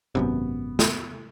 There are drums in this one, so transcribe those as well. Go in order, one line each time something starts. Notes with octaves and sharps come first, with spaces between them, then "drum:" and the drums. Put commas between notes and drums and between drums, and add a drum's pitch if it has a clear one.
G#1 F#2 C3 B3
drum: snare